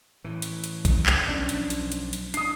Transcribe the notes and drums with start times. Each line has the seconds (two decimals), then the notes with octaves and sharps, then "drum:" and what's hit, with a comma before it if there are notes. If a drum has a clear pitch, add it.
0.24 A2 E3
0.42 drum: hi-hat
0.64 drum: hi-hat
0.85 drum: kick A#1, hi-hat
1.06 drum: clap
1.28 B1 F3 C#4 D4
1.49 drum: hi-hat
1.70 drum: hi-hat
1.92 drum: hi-hat
2.13 drum: hi-hat
2.34 D4 D#6 C7, drum: hi-hat